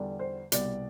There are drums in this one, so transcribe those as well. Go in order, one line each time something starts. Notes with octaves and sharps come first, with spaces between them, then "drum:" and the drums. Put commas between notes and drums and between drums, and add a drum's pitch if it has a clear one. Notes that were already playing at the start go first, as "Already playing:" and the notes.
Already playing: E2 D3 G3
C5
C2 B2 G3 D5, drum: hi-hat